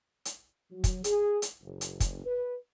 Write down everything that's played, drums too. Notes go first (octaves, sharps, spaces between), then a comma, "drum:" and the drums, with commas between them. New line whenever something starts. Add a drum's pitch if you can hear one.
drum: hi-hat
F#3
drum: kick, hi-hat
G#4, drum: hi-hat
drum: hi-hat
F#1
drum: hi-hat
drum: kick, hi-hat
B4